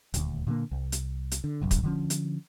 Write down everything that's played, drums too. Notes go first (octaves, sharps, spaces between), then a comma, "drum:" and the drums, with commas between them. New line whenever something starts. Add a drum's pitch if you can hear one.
D#1 D2, drum: hi-hat
A#2 D3 F3 A#3
C2
drum: hi-hat
drum: hi-hat
D3
F#1 B1 F#2
drum: kick, hi-hat
D3 F3 C#4
drum: hi-hat